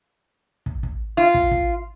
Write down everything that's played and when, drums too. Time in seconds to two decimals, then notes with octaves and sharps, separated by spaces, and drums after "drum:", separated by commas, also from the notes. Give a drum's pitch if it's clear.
0.66 drum: kick
0.83 drum: kick
1.17 F4
1.34 drum: kick
1.51 drum: kick